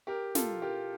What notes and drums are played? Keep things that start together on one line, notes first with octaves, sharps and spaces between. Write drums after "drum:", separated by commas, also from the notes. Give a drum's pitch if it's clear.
G4 A#4
F4 A4, drum: snare
G4 A#4